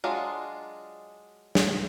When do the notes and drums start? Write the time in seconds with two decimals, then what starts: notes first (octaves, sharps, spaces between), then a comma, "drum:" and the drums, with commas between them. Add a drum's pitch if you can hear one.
0.04 F#3 G#3 D4 F4
1.55 drum: snare